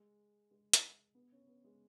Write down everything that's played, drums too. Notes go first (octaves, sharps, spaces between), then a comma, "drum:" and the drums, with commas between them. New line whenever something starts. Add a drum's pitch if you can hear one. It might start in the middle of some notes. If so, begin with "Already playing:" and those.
Already playing: G#3
G#3
drum: hi-hat
B3
C#4
B3
G#3